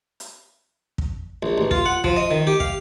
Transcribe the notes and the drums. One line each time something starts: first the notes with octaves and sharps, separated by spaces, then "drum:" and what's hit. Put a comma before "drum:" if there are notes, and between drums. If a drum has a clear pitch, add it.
drum: hi-hat
drum: kick
A#1
A1
F4, drum: kick
F#5
F3, drum: kick
D#5
D#3
G4
F5, drum: kick